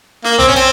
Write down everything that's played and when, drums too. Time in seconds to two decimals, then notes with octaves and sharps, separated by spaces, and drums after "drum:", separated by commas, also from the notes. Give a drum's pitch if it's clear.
0.24 A#3, drum: snare
0.39 C4, drum: tom
0.48 C#4
0.56 C4, drum: hi-hat